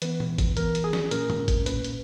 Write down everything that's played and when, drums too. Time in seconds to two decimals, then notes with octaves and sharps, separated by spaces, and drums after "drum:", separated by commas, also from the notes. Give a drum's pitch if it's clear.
0.02 E3 B3 B4, drum: hi-hat
0.20 drum: tom A#2
0.38 drum: kick G1, hi-hat
0.57 E3 B3 A#4, drum: hi-hat
0.75 drum: hi-hat
0.84 G#4
0.93 drum: snare
1.11 A#2 A#3 C#4 A#4, drum: hi-hat
1.30 drum: tom
1.48 drum: kick G1, hi-hat
1.66 A#2 A#3 C#4 B4, drum: hi-hat
1.84 drum: hi-hat